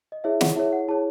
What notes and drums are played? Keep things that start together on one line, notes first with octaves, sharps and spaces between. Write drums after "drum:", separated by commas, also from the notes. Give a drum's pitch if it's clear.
D#5
E4 G#4 C#5 E5
F#5, drum: snare
E4 G#4 C#5 E5
F#5
E4 G#4 C#5 A5